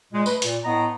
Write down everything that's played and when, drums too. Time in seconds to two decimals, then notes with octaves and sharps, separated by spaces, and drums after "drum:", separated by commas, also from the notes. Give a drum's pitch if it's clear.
0.13 A#2 G#3
0.26 A3 B4, drum: tambourine
0.42 A#2, drum: hi-hat
0.64 A2 B3 D#5 A#5